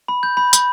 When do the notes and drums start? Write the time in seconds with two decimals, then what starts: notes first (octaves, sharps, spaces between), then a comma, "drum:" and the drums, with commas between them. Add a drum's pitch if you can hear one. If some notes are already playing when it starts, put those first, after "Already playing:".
0.08 B5
0.23 G6
0.37 B5
0.53 B5, drum: hi-hat